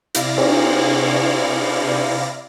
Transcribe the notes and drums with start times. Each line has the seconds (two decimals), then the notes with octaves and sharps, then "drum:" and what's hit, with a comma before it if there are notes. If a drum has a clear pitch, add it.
0.14 C3 E4 D5 F5 A#6, drum: hi-hat
0.38 drum: cymbal